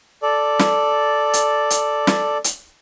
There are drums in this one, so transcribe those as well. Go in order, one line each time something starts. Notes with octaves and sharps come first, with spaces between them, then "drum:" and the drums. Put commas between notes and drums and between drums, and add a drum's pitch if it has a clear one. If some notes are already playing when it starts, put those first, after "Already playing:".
A4 D5
drum: snare
drum: hi-hat
drum: hi-hat
drum: snare
drum: hi-hat